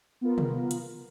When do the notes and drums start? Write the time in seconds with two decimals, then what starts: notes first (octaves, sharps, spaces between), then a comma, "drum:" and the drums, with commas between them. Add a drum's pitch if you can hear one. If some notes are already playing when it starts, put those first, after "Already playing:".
0.21 B3 F4 A#4
0.38 drum: tom
0.71 drum: hi-hat